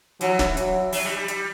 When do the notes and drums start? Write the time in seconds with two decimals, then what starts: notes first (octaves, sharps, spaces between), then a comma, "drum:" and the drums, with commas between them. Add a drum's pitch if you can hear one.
0.21 E3 F#3, drum: hi-hat
0.39 drum: snare
0.57 F#3, drum: hi-hat
0.92 F#3, drum: open hi-hat
1.05 G3
1.16 G3
1.28 G3, drum: hi-hat